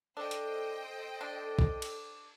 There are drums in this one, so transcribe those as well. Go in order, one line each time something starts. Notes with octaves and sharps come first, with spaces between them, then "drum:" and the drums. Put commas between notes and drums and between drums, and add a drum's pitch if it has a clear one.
D4 A4 C5 D#5 G5
drum: hi-hat
D4
drum: kick
drum: cymbal